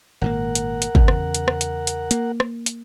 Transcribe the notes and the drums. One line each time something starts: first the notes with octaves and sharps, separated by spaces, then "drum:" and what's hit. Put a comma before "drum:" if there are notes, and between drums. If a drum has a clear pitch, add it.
G#1 A#2 A#3 A#4 F#5
drum: hi-hat
drum: hi-hat
E2 C#3, drum: kick
drum: rim click
drum: hi-hat
drum: rim click
drum: hi-hat
drum: hi-hat
A#3, drum: hi-hat
drum: rim click
drum: hi-hat